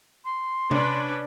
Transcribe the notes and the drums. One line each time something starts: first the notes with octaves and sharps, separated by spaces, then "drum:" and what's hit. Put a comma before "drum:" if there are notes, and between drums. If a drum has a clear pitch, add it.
C6
C#4 D4 B4, drum: tom C3